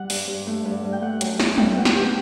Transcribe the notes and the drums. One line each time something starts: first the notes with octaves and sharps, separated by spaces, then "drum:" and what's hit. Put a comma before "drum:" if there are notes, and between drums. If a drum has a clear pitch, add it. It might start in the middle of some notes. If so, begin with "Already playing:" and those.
Already playing: G3 F#5
G2, drum: open hi-hat
G2
A3
G2
G2
G5
A3 F#5
F#2, drum: hi-hat
F#2, drum: snare
A3 G5, drum: tom F#3
B2 F#5
drum: snare
B2 G4